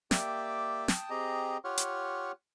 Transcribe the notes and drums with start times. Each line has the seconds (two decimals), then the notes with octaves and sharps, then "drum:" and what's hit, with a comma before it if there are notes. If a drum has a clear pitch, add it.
0.11 A#3 G4 D5 E5 G5 D6, drum: snare
0.88 G5 A5 D#6, drum: snare
1.10 C4 G4 G#4 D#5 A#5
1.64 F4 G4 C#5 F#5 C#6 F6
1.78 drum: hi-hat